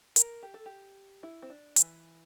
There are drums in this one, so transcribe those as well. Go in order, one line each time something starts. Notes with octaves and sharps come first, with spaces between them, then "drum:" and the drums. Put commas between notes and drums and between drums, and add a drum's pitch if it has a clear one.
A#4, drum: hi-hat
G4
A4
G4
E4
C4
D4
E3, drum: hi-hat